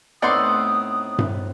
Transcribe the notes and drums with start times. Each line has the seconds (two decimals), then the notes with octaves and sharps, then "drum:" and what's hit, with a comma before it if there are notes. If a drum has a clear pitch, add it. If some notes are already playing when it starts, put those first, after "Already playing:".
0.22 A2 B3 C4 D#4 D5 F#5 C6 D#6
1.18 drum: tom G2